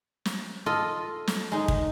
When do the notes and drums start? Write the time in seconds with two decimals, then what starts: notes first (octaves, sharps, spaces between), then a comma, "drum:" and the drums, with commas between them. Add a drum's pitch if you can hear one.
0.25 drum: snare
0.66 F4 A4 D#5
1.27 drum: snare
1.52 G#3 D#4
1.68 drum: kick